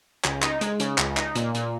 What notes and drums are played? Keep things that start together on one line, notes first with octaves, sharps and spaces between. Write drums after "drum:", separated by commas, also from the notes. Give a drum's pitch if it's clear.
C#2, drum: clap
D#4, drum: clap
G#3, drum: hi-hat
C#3, drum: hi-hat
C#2, drum: clap
D#4, drum: clap
A#2, drum: hi-hat
A#2, drum: hi-hat